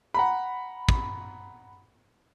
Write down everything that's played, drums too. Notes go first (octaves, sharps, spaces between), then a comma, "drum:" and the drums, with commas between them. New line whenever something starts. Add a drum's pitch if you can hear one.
F#5 A#5 B5
drum: kick